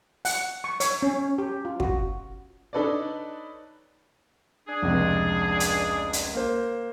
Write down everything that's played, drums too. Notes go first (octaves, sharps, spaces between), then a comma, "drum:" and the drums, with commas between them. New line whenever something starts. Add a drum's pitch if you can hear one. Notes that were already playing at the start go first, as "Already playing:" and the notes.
F#5, drum: open hi-hat
C#6
C#5, drum: hi-hat
C#4
G4
F4
F#4, drum: kick
D4 D#4 A4 B4 C#5 D5
D4 G#4
F1 C#2 C3
drum: hi-hat
drum: hi-hat
A#3 C5